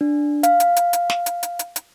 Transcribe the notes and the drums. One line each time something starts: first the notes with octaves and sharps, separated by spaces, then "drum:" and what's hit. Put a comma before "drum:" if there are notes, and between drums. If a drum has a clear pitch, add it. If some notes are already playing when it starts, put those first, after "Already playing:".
D4
F5, drum: hi-hat
drum: hi-hat
drum: hi-hat
drum: hi-hat
drum: snare
drum: hi-hat
drum: hi-hat
drum: hi-hat
drum: hi-hat